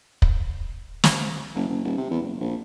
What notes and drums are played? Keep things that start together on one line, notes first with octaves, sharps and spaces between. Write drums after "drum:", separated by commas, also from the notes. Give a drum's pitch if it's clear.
drum: kick
drum: snare
F#1
F#1
D#1
C3
E2
F#1
A#1